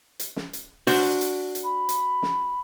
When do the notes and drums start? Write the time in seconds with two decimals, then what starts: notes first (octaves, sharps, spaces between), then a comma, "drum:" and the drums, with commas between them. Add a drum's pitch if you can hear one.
0.19 drum: hi-hat
0.36 drum: snare
0.53 drum: hi-hat
0.87 D4 F#4 C5, drum: open hi-hat
1.21 drum: hi-hat
1.55 drum: hi-hat
1.64 B5
1.89 drum: hi-hat
2.22 drum: snare